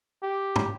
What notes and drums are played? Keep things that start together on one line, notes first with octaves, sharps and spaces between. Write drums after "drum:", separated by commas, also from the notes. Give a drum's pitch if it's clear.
G4
drum: tom